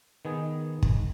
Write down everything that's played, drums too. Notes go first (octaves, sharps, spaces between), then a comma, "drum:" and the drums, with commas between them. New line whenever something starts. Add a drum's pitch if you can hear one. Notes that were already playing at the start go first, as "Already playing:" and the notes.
D#3 B3 G#4
drum: kick